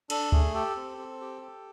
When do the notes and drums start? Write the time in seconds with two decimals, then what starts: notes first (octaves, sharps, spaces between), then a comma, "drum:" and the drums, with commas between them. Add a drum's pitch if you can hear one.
0.10 D4 A4, drum: cymbal
0.32 A3 G#4, drum: kick D2
0.54 G4 A4
0.76 C4
0.98 C4
1.21 G4
1.42 G4